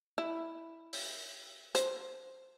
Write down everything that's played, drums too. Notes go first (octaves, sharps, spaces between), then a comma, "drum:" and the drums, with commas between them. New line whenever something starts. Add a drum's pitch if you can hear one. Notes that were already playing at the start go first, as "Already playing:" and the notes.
E4
drum: open hi-hat
C5, drum: hi-hat